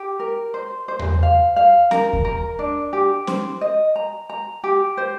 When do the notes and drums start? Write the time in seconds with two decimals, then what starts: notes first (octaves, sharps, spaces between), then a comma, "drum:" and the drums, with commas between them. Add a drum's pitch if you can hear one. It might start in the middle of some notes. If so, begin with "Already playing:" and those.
Already playing: G4
0.19 A#4
0.54 C5
0.88 C5
0.99 drum: tom E2
1.23 F5
1.56 F5
1.91 A#4, drum: snare
2.13 drum: kick D#2
2.25 A#4
2.59 D4
2.93 G4
3.27 C5, drum: snare
3.61 D#5
3.96 A#5
4.29 A#5
4.64 G4
4.97 C5